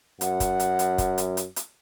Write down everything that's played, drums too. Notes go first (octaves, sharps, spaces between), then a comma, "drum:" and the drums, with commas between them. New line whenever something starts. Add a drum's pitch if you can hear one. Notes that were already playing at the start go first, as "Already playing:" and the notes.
F#2 F#5, drum: hi-hat
drum: kick, hi-hat
drum: hi-hat
drum: hi-hat
drum: kick, hi-hat
drum: hi-hat
drum: hi-hat
drum: hi-hat